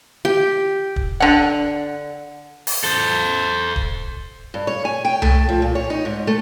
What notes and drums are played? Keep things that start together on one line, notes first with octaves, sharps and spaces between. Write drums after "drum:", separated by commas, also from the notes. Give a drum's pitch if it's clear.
G4
drum: kick
D3 F#5
drum: open hi-hat
A4 C5
drum: kick
G2
C#5
G#5
G5
A3, drum: tom C2
F3
A#2
C#5
D#4
G#2
A3